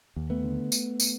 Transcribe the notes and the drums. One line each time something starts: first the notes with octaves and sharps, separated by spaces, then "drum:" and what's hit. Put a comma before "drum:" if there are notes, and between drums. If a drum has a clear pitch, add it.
D#2
A3 B3
D3
drum: tambourine
drum: tambourine